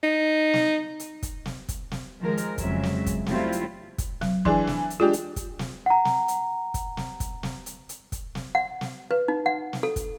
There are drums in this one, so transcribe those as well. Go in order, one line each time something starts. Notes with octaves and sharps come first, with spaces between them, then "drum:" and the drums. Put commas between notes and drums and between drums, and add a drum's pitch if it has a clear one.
D#4
drum: snare
drum: hi-hat
drum: kick, hi-hat
drum: snare
drum: kick, hi-hat
drum: snare
D#3 F3 G#3 A#4
drum: hi-hat
F2 C#3 F#3 G#3 E5, drum: kick, hi-hat
drum: snare
drum: kick, hi-hat
F#3 G3 A3 C4 E4 F4, drum: snare
drum: hi-hat
drum: kick, hi-hat
F#3, drum: snare
E3 D4 G#4 C6, drum: kick
drum: snare
drum: hi-hat
G#3 D4 F4 G4
drum: hi-hat
drum: kick, hi-hat
drum: snare
F#5 A#5
drum: snare
drum: hi-hat
drum: kick, hi-hat
drum: snare
drum: kick, hi-hat
drum: snare
drum: hi-hat
drum: hi-hat
drum: kick, hi-hat
drum: snare
F#5
drum: snare
B4
D#4
F#5
drum: snare
A4
drum: kick, hi-hat